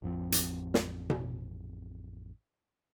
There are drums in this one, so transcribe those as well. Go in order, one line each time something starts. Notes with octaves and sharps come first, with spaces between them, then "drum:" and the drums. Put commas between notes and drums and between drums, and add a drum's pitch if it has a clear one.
A1 F2 F3 C4
drum: hi-hat
drum: snare
drum: tom B2